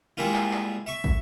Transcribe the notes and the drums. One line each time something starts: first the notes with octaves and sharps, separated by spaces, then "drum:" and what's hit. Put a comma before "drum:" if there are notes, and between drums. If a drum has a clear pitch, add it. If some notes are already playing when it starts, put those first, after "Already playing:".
G3 G#3 A#3 E4 F4
drum: clap
drum: clap
E5 C#6
drum: kick